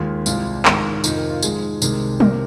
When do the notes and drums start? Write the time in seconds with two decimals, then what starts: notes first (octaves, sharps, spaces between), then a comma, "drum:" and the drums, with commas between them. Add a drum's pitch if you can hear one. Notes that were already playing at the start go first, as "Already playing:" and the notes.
Already playing: D#2 D#3 G#3 F4
0.26 C2 C3 G#3 F4, drum: tambourine
0.65 G#1 G#2 D#3 G#3, drum: clap
1.04 F2 C3 D#3 D#4, drum: tambourine
1.17 A#4
1.30 F4
1.43 G#1 G#2 F3 G#3 G#4, drum: tambourine
1.82 C2 C3 D#3 G#3, drum: tambourine
2.20 C3 D#3 A#4, drum: tom F#3